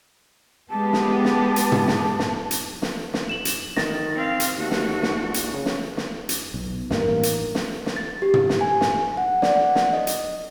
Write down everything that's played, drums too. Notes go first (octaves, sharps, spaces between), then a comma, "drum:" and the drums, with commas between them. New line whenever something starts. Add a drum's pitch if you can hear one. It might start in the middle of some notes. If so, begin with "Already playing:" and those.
G#3 B3 G4 A5
drum: snare
drum: snare
drum: hi-hat
drum: tom
drum: snare
drum: snare
drum: hi-hat
drum: snare
drum: snare
E7 F#7
drum: hi-hat
D#3 A6 A#6, drum: snare
C4 F5
drum: hi-hat
D#2 A3 F#4
drum: snare
drum: snare
A#1
drum: hi-hat
C#3
drum: snare
drum: snare
drum: hi-hat
B1
A1 G2 D#3 A#3, drum: snare
drum: hi-hat
drum: snare
drum: snare
A6
G4
drum: tom
drum: snare
G#5
drum: snare
F#5
D5, drum: snare
F#5
drum: snare
D#5
drum: hi-hat